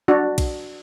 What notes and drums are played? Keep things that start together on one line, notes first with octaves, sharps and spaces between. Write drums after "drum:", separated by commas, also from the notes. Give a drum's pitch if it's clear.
D4 F#4
drum: kick B1, cymbal